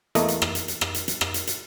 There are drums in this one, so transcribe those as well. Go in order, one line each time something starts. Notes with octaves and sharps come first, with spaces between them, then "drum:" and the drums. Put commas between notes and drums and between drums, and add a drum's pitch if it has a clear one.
E2 A3 A#3 D#5, drum: hi-hat
drum: hi-hat
drum: rim click
drum: hi-hat
drum: hi-hat
drum: rim click
drum: hi-hat
drum: hi-hat
drum: rim click
drum: hi-hat
drum: hi-hat